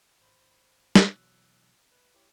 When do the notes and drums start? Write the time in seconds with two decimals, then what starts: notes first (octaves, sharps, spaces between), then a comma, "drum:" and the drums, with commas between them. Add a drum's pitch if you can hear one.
0.20 G#1 C5 B5
0.95 drum: snare
1.09 B2 E3 F#3 E6 F#6
1.92 B4
2.15 E4 G4 C#5